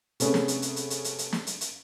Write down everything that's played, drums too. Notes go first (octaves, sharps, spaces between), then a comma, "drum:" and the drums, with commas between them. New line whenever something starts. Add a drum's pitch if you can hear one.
C3 A3 B3 C#4 G#4, drum: hi-hat
drum: snare
drum: hi-hat
drum: hi-hat
drum: hi-hat
drum: hi-hat
drum: hi-hat
drum: hi-hat
drum: snare
drum: hi-hat
drum: hi-hat